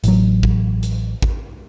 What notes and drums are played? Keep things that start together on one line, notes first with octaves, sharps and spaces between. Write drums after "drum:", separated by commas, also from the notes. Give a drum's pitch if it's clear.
A1 F#3, drum: hi-hat
drum: kick
drum: hi-hat
drum: kick